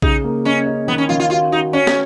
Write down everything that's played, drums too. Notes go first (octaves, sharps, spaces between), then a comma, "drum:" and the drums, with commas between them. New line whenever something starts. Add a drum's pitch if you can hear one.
C#3 D#4, drum: kick A#1
A#3
C#4 D#5
D#5
D#3 B3
C#4
D#3 F4
F4
F4 F#4
D#4 F#4
C#4 C#5
drum: snare